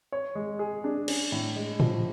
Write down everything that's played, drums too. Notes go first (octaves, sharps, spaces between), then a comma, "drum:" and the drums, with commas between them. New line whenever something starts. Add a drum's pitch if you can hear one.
C#5
G#3
G#4
D4
C#4, drum: cymbal
A2
G#3
F3, drum: tom A2